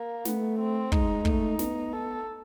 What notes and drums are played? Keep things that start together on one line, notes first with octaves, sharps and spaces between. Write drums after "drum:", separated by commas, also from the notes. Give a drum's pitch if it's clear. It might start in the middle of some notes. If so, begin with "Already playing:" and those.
Already playing: A#3
A3 B3, drum: snare
C4
G#3 D#4, drum: kick
A3 D#4, drum: kick
B3, drum: snare
A4